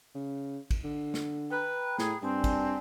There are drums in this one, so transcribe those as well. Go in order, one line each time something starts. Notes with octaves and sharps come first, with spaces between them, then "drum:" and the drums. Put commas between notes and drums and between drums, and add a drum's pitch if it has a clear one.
C#3
drum: kick A1, cymbal
D3
drum: snare
B4 G5 A#5 B5
A2 G#4, drum: snare
G2 C4 D5 G#5 A5
drum: kick A1, cymbal